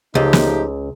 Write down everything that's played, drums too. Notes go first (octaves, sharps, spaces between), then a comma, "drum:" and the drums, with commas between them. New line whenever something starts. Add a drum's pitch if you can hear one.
C#2 F3 A3 D#4 G4
drum: snare